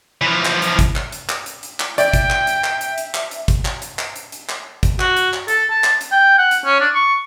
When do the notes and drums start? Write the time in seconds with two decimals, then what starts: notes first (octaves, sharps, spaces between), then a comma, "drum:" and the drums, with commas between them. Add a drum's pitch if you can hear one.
0.22 E3 F3
0.45 drum: clap
0.62 drum: hi-hat
0.79 drum: kick, hi-hat
0.96 drum: clap
1.12 drum: hi-hat
1.29 drum: clap
1.46 drum: hi-hat
1.63 drum: hi-hat
1.80 drum: clap
1.98 D5 E5 G5, drum: hi-hat
2.13 drum: kick, hi-hat
2.30 drum: clap
2.47 drum: hi-hat
2.64 drum: clap
2.81 drum: hi-hat
2.98 drum: hi-hat
3.15 drum: clap
3.31 drum: hi-hat
3.48 drum: kick, hi-hat
3.65 drum: clap
3.82 drum: hi-hat
3.99 drum: clap
4.16 drum: hi-hat
4.32 drum: hi-hat
4.49 drum: clap
4.83 drum: kick, hi-hat
5.00 F#4, drum: clap
5.17 drum: hi-hat
5.33 drum: clap
5.48 A4, drum: hi-hat
5.70 A5
5.84 drum: clap
6.01 drum: hi-hat
6.12 G5
6.38 F#5
6.51 drum: hi-hat
6.65 C#4
6.80 D4
6.95 C#6